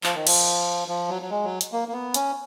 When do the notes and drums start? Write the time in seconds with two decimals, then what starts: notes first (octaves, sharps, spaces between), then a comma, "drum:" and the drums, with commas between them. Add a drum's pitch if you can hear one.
0.04 F3, drum: clap
0.15 D#3
0.27 F3, drum: cymbal
0.88 F3
1.09 F#3
1.22 F#3
1.31 G#3
1.44 F#3
1.61 drum: hi-hat
1.72 A#3
1.88 A#3
1.93 B3
2.14 C#4, drum: hi-hat